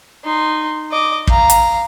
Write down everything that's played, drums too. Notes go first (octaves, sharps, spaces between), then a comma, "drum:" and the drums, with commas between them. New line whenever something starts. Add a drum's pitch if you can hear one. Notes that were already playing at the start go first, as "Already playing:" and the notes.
D#4 C6
D#5 D6
F5 A#5, drum: kick
drum: hi-hat